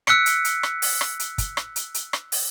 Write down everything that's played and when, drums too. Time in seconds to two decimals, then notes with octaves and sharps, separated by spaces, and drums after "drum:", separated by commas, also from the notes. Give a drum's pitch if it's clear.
0.07 E6 F#6 B6 C#7 D7, drum: rim click
0.26 drum: hi-hat
0.45 drum: hi-hat
0.63 drum: rim click
0.82 drum: open hi-hat
1.01 drum: rim click
1.19 drum: hi-hat
1.38 drum: kick, hi-hat
1.57 drum: rim click
1.76 drum: hi-hat
1.94 drum: hi-hat
2.13 drum: rim click
2.32 drum: open hi-hat